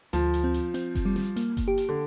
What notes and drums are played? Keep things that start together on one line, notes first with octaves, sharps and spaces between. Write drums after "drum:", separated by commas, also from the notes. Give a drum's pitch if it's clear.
D2 F3, drum: hi-hat
drum: hi-hat
C4
drum: hi-hat
C4, drum: hi-hat
drum: kick F#1, open hi-hat
G3
drum: snare
A#3, drum: hi-hat
drum: kick F#1, hi-hat
G4
drum: hi-hat
D3